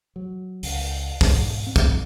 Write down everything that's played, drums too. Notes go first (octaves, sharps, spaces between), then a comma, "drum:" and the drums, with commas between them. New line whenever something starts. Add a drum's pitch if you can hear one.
F#3
C#2, drum: open hi-hat
G#2, drum: kick, open hi-hat
C4
drum: kick, hi-hat